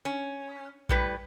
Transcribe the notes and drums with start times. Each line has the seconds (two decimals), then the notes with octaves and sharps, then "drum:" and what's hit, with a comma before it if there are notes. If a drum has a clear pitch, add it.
0.05 C#4
0.89 A2 G3 B4, drum: kick A#1